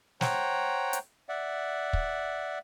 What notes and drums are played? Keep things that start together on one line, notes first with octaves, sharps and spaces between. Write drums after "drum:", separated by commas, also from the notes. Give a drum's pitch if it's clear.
C5 C#5 F#5 G5 A#5, drum: snare
drum: hi-hat
D5 E5 F#5
drum: kick